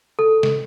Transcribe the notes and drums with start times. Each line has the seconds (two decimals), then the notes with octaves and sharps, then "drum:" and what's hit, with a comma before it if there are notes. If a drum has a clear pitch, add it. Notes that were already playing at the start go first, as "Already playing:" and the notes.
0.19 A4
0.43 drum: snare